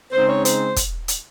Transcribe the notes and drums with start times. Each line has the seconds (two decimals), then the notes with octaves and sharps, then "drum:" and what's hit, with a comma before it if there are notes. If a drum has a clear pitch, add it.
0.12 C#3 G#3 C4 D#4 C5
0.29 C#5
0.45 C5, drum: hi-hat
0.76 drum: kick, hi-hat
1.08 drum: hi-hat